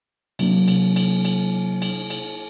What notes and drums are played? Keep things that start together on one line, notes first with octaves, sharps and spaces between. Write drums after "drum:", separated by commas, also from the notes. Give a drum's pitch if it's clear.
C3 F#3 A#3 D4, drum: cymbal
drum: cymbal
drum: cymbal
drum: cymbal
drum: cymbal
drum: cymbal